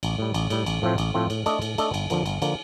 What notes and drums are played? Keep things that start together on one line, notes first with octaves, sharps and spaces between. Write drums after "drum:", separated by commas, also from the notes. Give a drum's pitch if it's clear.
A1, drum: cymbal
A2 G3
A1, drum: cymbal
A2 G3, drum: cymbal
A1, drum: cymbal
A2 F3 A3 C4
A1, drum: cymbal
A2 F3 A3 C4
A2, drum: cymbal
A3 D4 A4 D#5, drum: cymbal
A2, drum: cymbal
A3 D4 A4 D#5, drum: cymbal
G1, drum: cymbal
F2 D3 F3 A#3, drum: cymbal
G1, drum: cymbal
D3 F3 A#3, drum: cymbal